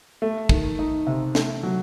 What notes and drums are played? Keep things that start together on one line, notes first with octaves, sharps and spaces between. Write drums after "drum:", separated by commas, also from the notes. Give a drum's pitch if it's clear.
A3
D#3, drum: kick
D#4
C3
A3, drum: snare
F#3